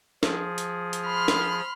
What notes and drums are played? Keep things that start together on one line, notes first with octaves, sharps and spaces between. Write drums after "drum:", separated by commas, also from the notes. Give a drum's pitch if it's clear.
F3 G#4, drum: snare
drum: hi-hat
drum: hi-hat
B5 C6 F6
drum: snare